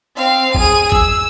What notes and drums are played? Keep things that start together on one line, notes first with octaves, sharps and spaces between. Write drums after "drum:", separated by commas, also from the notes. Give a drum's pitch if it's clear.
C4 F5
G#4 D#7, drum: kick G#1
E6, drum: kick G#1